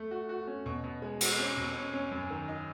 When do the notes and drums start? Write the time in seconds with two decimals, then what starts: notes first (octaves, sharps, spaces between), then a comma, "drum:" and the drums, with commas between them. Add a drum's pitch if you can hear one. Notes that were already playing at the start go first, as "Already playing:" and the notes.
Already playing: A3
0.11 F#4
0.29 F#4
0.47 C#4
0.66 B2
0.84 B2
1.02 G#3
1.20 F#4, drum: cymbal
1.39 C#4
1.57 B2
1.75 C#4
1.94 C#4
2.11 F#2
2.30 D#3
2.48 D#4